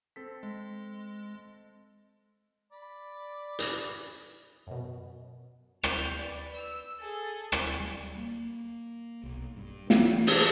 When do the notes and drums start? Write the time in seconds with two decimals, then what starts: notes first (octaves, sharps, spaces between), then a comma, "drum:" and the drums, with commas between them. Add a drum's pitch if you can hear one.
0.16 C4 A4 B6
0.43 G#3
2.72 D5 B5
3.59 drum: hi-hat
4.67 F#2 B2
5.83 G6 F7, drum: rim click
6.18 B4 D5
6.54 E6
7.00 G#4 A4
7.52 drum: rim click
7.80 G3
8.17 A#3
9.23 B1
9.57 G2
9.90 E3, drum: snare
10.27 drum: open hi-hat